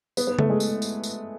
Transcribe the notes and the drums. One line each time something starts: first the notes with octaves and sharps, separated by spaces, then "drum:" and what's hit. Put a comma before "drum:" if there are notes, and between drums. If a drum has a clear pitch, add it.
B3, drum: tambourine
B3
A3, drum: tom C#3
G#3
drum: tambourine
drum: tambourine
drum: tambourine